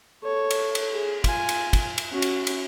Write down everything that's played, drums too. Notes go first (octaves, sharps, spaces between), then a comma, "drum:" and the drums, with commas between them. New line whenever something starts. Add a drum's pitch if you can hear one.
A4 C#5
drum: cymbal
drum: cymbal
G#4
F4 G#5, drum: kick, cymbal
drum: cymbal
drum: kick, cymbal
drum: cymbal
C#4 F#4
drum: cymbal
drum: cymbal